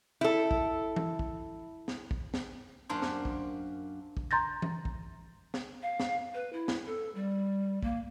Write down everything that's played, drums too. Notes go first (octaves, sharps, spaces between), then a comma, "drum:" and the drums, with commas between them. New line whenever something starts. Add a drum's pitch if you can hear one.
E4 A4
drum: kick
drum: tom E3
drum: kick
drum: snare
drum: kick
drum: snare
F#2 A#3 D4 C5
drum: snare
drum: kick
drum: kick
A#5 C6 G6 A6 A#6
drum: tom E3
drum: kick
drum: snare
F5
drum: snare
B4
E4
drum: snare
A4
G3
A#3, drum: kick